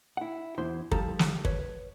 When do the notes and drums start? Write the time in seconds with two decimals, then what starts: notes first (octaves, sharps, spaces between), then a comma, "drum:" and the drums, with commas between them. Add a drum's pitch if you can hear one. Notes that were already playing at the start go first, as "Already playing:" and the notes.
0.17 E4 F#5
0.58 E2 E4 C5 C6
0.91 F3 G3 A4 A#5, drum: kick
1.19 drum: snare
1.45 B4 C#5, drum: kick